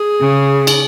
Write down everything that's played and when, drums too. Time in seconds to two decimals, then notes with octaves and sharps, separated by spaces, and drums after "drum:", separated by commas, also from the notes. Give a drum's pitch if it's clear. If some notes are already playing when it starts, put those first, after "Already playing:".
Already playing: G#4
0.20 C#3
0.67 drum: cymbal